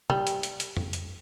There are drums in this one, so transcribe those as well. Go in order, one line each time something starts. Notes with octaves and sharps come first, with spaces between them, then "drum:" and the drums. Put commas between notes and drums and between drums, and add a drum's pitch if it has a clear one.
G3, drum: tom
drum: hi-hat
drum: hi-hat
drum: hi-hat
drum: tom
drum: hi-hat